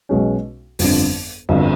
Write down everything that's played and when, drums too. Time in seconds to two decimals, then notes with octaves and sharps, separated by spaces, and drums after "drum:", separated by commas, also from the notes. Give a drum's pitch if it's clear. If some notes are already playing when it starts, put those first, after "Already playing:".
0.09 B1 B2 G#3 C#4
0.79 G1 F2 D3, drum: open hi-hat
1.49 G1 F2 D3, drum: cymbal